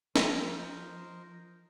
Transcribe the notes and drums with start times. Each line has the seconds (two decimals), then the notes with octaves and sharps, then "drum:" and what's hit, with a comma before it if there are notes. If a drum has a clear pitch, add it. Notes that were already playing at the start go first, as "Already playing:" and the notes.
0.16 F3 A#4 C5 D#5, drum: snare